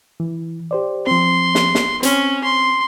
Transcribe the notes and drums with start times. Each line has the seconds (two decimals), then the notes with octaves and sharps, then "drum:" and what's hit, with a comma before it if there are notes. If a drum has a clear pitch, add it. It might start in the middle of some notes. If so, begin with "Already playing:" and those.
0.20 E3
0.71 G4 C5 D5
1.07 F3 C4 C6
1.55 drum: snare
1.75 drum: snare
2.03 C4 C#4, drum: hi-hat
2.44 C6